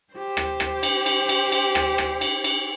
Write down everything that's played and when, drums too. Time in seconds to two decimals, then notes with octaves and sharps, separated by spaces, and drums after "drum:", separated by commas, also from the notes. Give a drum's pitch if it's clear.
0.14 G4 C5
0.37 drum: rim click
0.60 drum: rim click
0.83 drum: cymbal
1.06 drum: cymbal
1.29 drum: cymbal
1.52 drum: cymbal
1.75 drum: rim click
1.98 drum: rim click
2.21 drum: cymbal
2.44 drum: cymbal